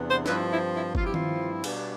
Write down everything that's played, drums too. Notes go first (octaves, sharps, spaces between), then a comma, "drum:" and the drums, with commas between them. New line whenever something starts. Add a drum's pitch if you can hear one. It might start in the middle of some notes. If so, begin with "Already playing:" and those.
Already playing: E2 C3 E3 B3 D4
C5
G2 F3 C4 E4 B4, drum: snare
E4
E4
G2 F3 C4 E4 F4, drum: kick F#1
G4
F4, drum: tom D#3
B2 G3 B3 D4, drum: cymbal